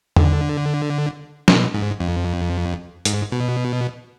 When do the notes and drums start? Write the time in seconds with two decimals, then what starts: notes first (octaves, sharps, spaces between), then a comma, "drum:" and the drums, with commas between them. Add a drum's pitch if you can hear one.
0.16 D3, drum: tom E2
1.48 B2, drum: snare
1.74 G#2
2.00 F2
3.05 G#2, drum: hi-hat
3.32 B2